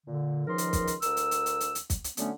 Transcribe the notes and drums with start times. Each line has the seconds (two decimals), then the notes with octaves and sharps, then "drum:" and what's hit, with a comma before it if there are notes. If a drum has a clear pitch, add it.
0.06 A#2 D3
0.47 C#2 D#3 F3 A#4 C6
0.58 drum: hi-hat
0.73 drum: kick, hi-hat
0.87 drum: hi-hat
1.02 D2 A#4 E6, drum: hi-hat
1.17 drum: hi-hat
1.31 drum: hi-hat
1.46 drum: hi-hat
1.60 drum: hi-hat
1.75 drum: hi-hat
1.90 drum: kick, hi-hat
2.04 drum: hi-hat
2.17 D3 F#3 A3 B3 C#4, drum: hi-hat